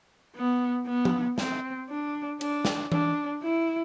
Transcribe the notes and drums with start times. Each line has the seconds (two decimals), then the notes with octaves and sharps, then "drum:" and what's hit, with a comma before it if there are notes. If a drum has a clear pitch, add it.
0.36 B3
0.87 B3
1.05 drum: tom F3
1.38 C4, drum: snare
1.89 D4
2.41 D4, drum: cymbal
2.65 drum: snare
2.92 D4, drum: tom E3
3.43 E4